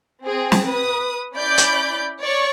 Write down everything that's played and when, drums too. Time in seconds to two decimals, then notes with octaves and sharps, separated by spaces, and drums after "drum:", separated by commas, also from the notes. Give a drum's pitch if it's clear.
0.24 C4 G#4
0.52 drum: snare
0.67 B4 D#6
1.34 C#4 E4 D5 B5 D6 G6
1.58 drum: hi-hat
2.21 C#5 D5 C#6